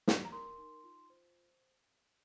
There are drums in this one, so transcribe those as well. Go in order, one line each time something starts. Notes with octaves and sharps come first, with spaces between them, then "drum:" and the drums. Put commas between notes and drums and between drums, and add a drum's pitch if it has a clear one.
drum: snare
A#5
A#4 C6
D#4
F4
C5